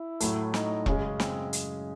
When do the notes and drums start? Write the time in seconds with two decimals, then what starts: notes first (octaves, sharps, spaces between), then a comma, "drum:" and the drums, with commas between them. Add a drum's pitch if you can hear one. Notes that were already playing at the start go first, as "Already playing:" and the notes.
Already playing: E4
0.20 A2 F#3 A3, drum: hi-hat
0.54 D#4, drum: snare
0.86 F#2 C#3 G#3 C#4, drum: kick E1
1.20 C4, drum: snare
1.53 drum: hi-hat